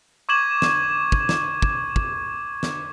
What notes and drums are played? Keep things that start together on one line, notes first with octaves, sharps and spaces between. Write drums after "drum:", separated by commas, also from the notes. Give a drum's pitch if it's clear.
C#6 D6 G#6 E7 F#7
drum: snare
drum: kick
drum: snare
drum: kick
drum: kick
drum: snare